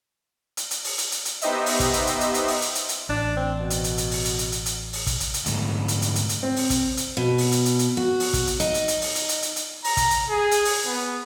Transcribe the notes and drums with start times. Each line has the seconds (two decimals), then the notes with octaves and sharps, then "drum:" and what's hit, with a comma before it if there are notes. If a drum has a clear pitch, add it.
0.57 drum: hi-hat
0.71 drum: hi-hat
0.84 drum: open hi-hat
0.98 drum: hi-hat
1.12 drum: hi-hat
1.25 drum: hi-hat
1.41 B3 D#4 G4 C5 D#5 E5, drum: hi-hat
1.66 drum: open hi-hat
1.80 drum: kick, hi-hat
1.93 drum: hi-hat
2.07 drum: hi-hat
2.21 drum: hi-hat
2.34 drum: hi-hat
2.48 drum: open hi-hat
2.61 drum: hi-hat
2.75 drum: hi-hat
2.89 drum: hi-hat
3.09 A1 D4
3.37 C4
3.60 B2
3.70 drum: hi-hat
3.84 drum: hi-hat
3.98 drum: hi-hat
4.11 drum: open hi-hat
4.25 drum: hi-hat
4.38 drum: hi-hat
4.52 drum: hi-hat
4.66 drum: hi-hat
4.93 drum: open hi-hat
5.07 drum: kick, hi-hat
5.20 drum: hi-hat
5.34 drum: hi-hat
5.46 D2 G#2, drum: hi-hat
5.88 drum: hi-hat
6.02 drum: hi-hat
6.15 drum: hi-hat
6.29 drum: hi-hat
6.43 C4
6.56 drum: open hi-hat
6.70 drum: kick, hi-hat
6.97 drum: hi-hat
7.17 B2
7.38 drum: open hi-hat
7.52 drum: hi-hat
7.65 drum: hi-hat
7.79 drum: hi-hat
7.97 F#4
8.20 drum: open hi-hat
8.33 drum: kick, hi-hat
8.47 drum: hi-hat
8.60 D#4, drum: hi-hat
8.74 drum: hi-hat
8.88 drum: hi-hat
9.02 drum: open hi-hat
9.15 drum: hi-hat
9.29 drum: hi-hat
9.42 drum: hi-hat
9.56 drum: hi-hat
9.84 A#5, drum: open hi-hat
9.97 drum: kick, hi-hat
10.10 drum: hi-hat
10.30 G#4
10.51 drum: hi-hat
10.65 drum: open hi-hat
10.86 B3